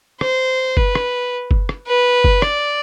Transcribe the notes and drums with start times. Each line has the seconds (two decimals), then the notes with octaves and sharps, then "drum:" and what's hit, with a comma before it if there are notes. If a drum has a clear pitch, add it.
0.21 C5, drum: rim click
0.77 B4, drum: kick F#1
0.95 drum: rim click
1.51 drum: kick F#1
1.69 drum: rim click
1.87 B4
2.24 drum: kick F#1
2.42 D5, drum: rim click